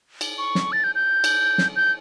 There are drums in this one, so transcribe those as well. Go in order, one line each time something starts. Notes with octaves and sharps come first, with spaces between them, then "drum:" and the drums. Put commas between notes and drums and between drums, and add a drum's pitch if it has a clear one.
drum: cymbal
C#6
drum: snare
A6
G6
G6
drum: cymbal
drum: snare
G6